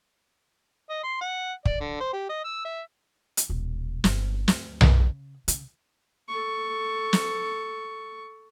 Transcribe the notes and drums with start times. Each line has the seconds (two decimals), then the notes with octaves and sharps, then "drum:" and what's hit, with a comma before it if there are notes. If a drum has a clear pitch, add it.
0.90 D#5
1.04 C6
1.21 F#5
1.65 D5, drum: kick
1.80 D3
2.00 C5
2.13 G4
2.29 D#5
2.44 E6
2.65 E5
3.37 drum: hi-hat
3.50 D#1 B1
4.04 G1, drum: snare
4.48 D2, drum: snare
4.81 drum: tom B1
5.00 C#3
5.48 C#3, drum: hi-hat
6.29 A4 C#6
7.13 drum: snare